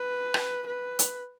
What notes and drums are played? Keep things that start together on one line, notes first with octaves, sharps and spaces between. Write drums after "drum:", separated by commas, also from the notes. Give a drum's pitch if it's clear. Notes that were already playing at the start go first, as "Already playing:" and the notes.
Already playing: B4
drum: rim click
B4
drum: hi-hat